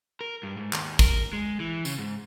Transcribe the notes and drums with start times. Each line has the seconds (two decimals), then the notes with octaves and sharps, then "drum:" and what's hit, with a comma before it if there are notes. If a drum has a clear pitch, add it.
0.21 A#4
0.43 G2
0.57 G#2
0.73 D#2, drum: clap
0.99 A#4, drum: kick, tambourine
1.33 G#3
1.60 E3
1.85 C#3, drum: tambourine
1.98 G#2